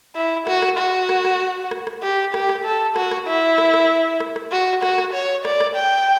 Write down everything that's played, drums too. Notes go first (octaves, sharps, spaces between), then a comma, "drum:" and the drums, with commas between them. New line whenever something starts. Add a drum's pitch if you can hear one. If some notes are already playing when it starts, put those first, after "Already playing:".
E4
F#4, drum: rim click
drum: rim click
F#4
drum: rim click
drum: rim click
drum: rim click
drum: rim click
G4
G4, drum: rim click
drum: rim click
A4
F#4, drum: rim click
drum: rim click
E4
drum: rim click
drum: rim click
drum: rim click
drum: rim click
F#4
F#4, drum: rim click
drum: rim click
C#5
D5, drum: rim click
drum: rim click
G5